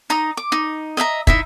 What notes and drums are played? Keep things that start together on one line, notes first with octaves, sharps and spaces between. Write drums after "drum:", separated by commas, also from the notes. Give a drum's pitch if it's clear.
D#4 A#5 D#6
D6
D#4
D#5 E5 G5 A#5
D#4 E4 E5, drum: kick